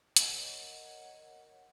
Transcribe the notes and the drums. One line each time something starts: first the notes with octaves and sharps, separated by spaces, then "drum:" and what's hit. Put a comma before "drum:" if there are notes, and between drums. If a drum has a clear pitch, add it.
A#4 C#5 D#5 F#5, drum: hi-hat